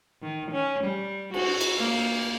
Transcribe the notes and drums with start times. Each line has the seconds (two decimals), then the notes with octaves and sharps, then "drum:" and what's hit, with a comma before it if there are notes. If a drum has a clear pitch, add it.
0.22 D#3
0.51 C#4
0.84 G3
1.34 F#4, drum: cymbal
1.61 drum: cymbal
1.79 A#3